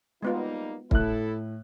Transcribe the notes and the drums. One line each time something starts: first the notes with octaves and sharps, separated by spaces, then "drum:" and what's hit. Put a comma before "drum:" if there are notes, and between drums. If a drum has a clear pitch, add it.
G3 G#3 A#3 B3 D#4 F4
A2 E4 A4 F#6, drum: kick